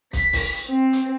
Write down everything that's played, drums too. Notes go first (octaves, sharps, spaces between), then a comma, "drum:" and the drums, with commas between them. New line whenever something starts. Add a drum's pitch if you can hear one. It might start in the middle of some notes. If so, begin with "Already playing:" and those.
B6, drum: kick, hi-hat
drum: kick, open hi-hat
drum: hi-hat
C4
drum: hi-hat